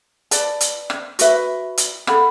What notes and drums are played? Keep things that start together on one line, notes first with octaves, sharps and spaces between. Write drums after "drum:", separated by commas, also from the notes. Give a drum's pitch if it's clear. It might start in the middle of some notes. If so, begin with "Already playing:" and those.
B4 D5 A5, drum: hi-hat
drum: hi-hat
drum: rim click
F#4 B4 E5, drum: hi-hat
drum: hi-hat
A4 F#5 B5, drum: rim click